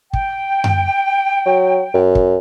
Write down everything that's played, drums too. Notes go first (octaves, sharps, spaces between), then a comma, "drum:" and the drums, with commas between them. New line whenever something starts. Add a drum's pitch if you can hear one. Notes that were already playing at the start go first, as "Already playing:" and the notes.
G5, drum: kick
drum: tom F#2
F#3
F#2
drum: kick